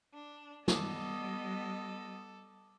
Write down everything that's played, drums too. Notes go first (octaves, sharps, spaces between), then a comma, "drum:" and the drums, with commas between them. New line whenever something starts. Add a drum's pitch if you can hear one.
D4
G3 B3 A4 D#5 D6 D#6, drum: snare